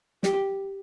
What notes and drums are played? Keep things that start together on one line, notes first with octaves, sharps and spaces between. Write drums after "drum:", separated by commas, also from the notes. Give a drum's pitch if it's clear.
G4, drum: snare